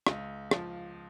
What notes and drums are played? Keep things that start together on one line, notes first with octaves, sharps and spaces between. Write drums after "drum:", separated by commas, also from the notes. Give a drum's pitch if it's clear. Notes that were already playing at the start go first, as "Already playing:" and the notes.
C#2, drum: rim click
F3, drum: rim click